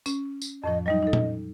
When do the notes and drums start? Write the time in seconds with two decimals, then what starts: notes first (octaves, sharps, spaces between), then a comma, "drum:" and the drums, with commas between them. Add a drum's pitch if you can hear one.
0.06 C#4, drum: tambourine
0.42 drum: tambourine
0.64 F2 A2 F3 D#5
0.86 F#3 G3 D#4 D#5
1.03 D#4 A4
1.13 drum: tom A#2